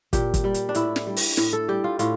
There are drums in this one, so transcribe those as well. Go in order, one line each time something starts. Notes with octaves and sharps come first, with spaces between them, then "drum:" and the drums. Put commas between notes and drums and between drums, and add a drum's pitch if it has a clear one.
A#2 G4, drum: kick, hi-hat
drum: kick, hi-hat
G3
drum: hi-hat
D4
A2 E4, drum: hi-hat
drum: snare
G3
drum: open hi-hat
A2, drum: snare
A4
G3 G4
F4
A2 F4, drum: hi-hat